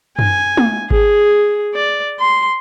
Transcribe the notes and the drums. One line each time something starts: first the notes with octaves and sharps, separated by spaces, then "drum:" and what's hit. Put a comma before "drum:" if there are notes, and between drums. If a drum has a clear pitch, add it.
G#5, drum: tom F#2
drum: tom
G#4, drum: kick G#1
D5
C6